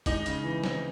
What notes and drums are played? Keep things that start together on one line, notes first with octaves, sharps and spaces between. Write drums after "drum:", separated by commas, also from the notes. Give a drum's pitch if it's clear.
G#3 D#4, drum: kick, hi-hat
C#3, drum: hi-hat
E3
C4, drum: snare